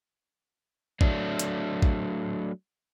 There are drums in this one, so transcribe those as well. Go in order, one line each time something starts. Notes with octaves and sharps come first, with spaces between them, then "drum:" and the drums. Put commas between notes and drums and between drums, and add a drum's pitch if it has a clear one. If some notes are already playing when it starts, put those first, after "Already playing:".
F#3 A3 D4, drum: kick A1
drum: hi-hat
drum: kick A1